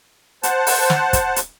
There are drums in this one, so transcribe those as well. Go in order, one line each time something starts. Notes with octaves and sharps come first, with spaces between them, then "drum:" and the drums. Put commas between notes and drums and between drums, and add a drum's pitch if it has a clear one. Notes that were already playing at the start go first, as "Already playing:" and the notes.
C5 F#5 A5, drum: hi-hat
drum: open hi-hat
drum: snare
drum: kick, hi-hat
drum: hi-hat